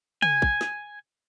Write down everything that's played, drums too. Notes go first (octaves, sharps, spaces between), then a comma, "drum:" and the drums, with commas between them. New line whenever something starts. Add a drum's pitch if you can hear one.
G#5, drum: tom
drum: kick
drum: snare